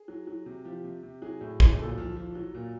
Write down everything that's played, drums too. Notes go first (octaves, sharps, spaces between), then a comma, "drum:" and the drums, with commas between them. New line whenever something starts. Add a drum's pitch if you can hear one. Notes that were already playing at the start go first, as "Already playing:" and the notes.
Already playing: G#4
F#3
F#3
C3
F3 G4
C3
C3
F#3 G#4
A2
F#3, drum: kick
G#4
A#2 A4
F3
F3
F#3
A#2